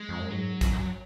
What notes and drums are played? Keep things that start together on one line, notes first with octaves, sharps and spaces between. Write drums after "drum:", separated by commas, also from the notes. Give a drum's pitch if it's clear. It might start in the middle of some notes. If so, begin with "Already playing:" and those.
Already playing: G#3
F2
F#2
G#2 F#3
F2, drum: kick, hi-hat
F#2